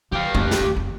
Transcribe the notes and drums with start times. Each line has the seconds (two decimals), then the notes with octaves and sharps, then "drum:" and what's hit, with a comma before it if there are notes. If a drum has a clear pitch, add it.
0.12 D3 G4 F5
0.35 A3 C#4, drum: tom F2
0.51 drum: snare
0.60 D#2
0.76 F#1 E2